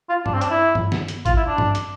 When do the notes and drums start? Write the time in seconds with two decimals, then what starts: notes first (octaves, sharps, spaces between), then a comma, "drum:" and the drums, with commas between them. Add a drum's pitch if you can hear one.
0.09 F4
0.26 D4, drum: tom G2
0.34 C4
0.41 D4, drum: hi-hat
0.50 E4
0.75 drum: tom G2
0.92 drum: snare
1.08 drum: hi-hat
1.26 F4, drum: kick G#1, hi-hat
1.37 E4
1.47 D4
1.58 drum: tom G2
1.75 drum: hi-hat